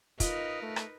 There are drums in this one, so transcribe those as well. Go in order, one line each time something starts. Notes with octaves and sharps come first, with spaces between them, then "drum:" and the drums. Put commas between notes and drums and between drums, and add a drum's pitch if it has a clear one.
D#4 F4 A#4 B4 D#5, drum: kick, hi-hat
A3
drum: rim click